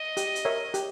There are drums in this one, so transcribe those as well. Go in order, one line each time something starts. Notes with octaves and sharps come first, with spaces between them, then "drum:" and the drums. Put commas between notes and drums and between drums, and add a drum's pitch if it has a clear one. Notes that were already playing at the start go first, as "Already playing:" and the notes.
Already playing: D#5
G4, drum: hi-hat
drum: hi-hat
A#4 C#5 E5
G4, drum: hi-hat